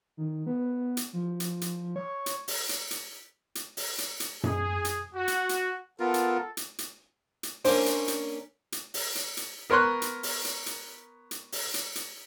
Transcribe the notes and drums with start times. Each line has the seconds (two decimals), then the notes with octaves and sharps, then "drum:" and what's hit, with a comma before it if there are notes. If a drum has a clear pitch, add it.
0.17 D#3
0.47 B3
0.97 drum: hi-hat
1.13 F3
1.40 drum: hi-hat
1.61 drum: hi-hat
1.96 C#5
2.26 drum: hi-hat
2.48 drum: open hi-hat
2.69 drum: hi-hat
2.91 drum: hi-hat
3.55 drum: hi-hat
3.77 drum: open hi-hat
3.98 drum: hi-hat
4.20 drum: hi-hat
4.43 G#4, drum: tom F#2
4.85 drum: hi-hat
5.15 F#4
5.28 drum: hi-hat
5.49 drum: hi-hat
6.00 B3 F4 A4 A#4
6.14 drum: hi-hat
6.57 drum: hi-hat
6.78 drum: hi-hat
7.43 drum: hi-hat
7.65 A#3 C#4 D4 C5, drum: open hi-hat
7.86 drum: hi-hat
8.08 drum: hi-hat
8.72 drum: hi-hat
8.94 drum: open hi-hat
9.15 drum: hi-hat
9.37 drum: hi-hat
9.70 B3 A#4 C#5 C6 F#6
10.02 drum: hi-hat
10.23 drum: open hi-hat
10.45 drum: hi-hat
10.66 drum: hi-hat
11.31 drum: hi-hat
11.52 drum: open hi-hat
11.74 drum: hi-hat
11.96 drum: hi-hat